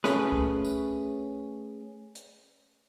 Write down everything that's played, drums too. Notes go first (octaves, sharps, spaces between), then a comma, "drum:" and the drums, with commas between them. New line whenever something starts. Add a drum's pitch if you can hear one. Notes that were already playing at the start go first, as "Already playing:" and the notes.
A3 C#4 G#4 B4, drum: snare
drum: kick C2
drum: tambourine
drum: hi-hat